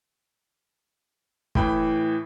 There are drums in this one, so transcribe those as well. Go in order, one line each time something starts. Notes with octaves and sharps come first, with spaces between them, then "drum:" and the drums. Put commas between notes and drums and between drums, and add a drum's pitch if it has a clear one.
A2 E3 G5 B5, drum: kick